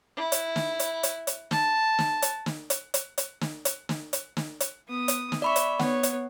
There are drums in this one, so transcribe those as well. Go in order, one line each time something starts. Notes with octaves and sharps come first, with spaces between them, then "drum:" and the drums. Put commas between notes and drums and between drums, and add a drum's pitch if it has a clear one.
E4
drum: hi-hat
drum: snare
drum: hi-hat
drum: hi-hat
drum: hi-hat
A5, drum: snare
drum: snare
drum: hi-hat
drum: snare
drum: hi-hat
drum: hi-hat
drum: hi-hat
drum: snare
drum: hi-hat
drum: snare
drum: hi-hat
drum: snare
drum: hi-hat
B3 D#6
drum: hi-hat
drum: snare
D5 E5 B5 C#6
drum: hi-hat
B3 C#5 F#5, drum: snare
drum: hi-hat